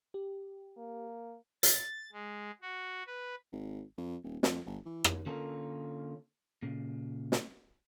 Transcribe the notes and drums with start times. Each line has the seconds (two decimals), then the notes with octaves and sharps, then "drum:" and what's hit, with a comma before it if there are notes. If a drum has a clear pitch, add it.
0.14 G4
0.77 A#3
1.63 A6, drum: hi-hat
2.12 G#3
2.61 F#4
3.07 B4
3.52 G#1
3.98 F2
4.24 D#1
4.43 F2, drum: snare
4.66 G1
4.85 E3
5.04 drum: rim click
5.26 D3 A#3 C#4 F4 A4 A#4
6.62 A#2 C#3
7.32 drum: snare